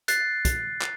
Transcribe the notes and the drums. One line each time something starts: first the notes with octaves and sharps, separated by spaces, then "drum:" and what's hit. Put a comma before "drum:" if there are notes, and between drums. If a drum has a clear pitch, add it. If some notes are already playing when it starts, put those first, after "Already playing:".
F#6 A6 C7, drum: hi-hat
drum: kick, hi-hat
drum: clap